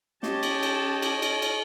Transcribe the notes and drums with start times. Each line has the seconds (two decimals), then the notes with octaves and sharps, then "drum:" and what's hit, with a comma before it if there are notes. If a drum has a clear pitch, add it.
0.23 C#4 G4 C#5 D#5 A5, drum: snare
0.43 drum: cymbal
0.63 drum: cymbal
1.02 drum: cymbal
1.22 drum: cymbal
1.42 drum: cymbal